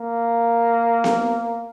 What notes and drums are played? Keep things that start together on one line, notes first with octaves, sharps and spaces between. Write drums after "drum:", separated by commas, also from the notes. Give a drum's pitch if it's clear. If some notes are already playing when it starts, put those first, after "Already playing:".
Already playing: A#3
drum: snare B3